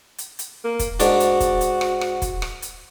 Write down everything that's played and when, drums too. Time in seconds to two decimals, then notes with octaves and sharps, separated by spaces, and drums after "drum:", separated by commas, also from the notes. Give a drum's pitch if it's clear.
0.18 drum: hi-hat
0.39 drum: hi-hat
0.65 A#3
0.79 drum: kick, hi-hat
1.00 G#2 D4 F#4 D5, drum: hi-hat
1.20 drum: hi-hat
1.40 drum: kick, hi-hat
1.61 drum: hi-hat
1.81 drum: rim click
2.01 drum: rim click
2.22 drum: kick, hi-hat
2.42 drum: rim click
2.62 drum: hi-hat